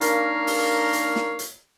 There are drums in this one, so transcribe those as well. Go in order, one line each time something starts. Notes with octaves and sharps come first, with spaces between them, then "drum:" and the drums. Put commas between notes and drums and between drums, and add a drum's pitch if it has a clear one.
A#3 D4 D#4 A#4 C#5 F5, drum: hi-hat
drum: open hi-hat
drum: hi-hat
drum: snare
drum: hi-hat